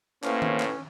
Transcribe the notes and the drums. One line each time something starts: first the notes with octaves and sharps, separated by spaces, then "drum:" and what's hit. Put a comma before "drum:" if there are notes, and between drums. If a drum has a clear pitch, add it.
A2 A#3 C#4 B4 C5 F5, drum: clap
drum: tom D#3
drum: clap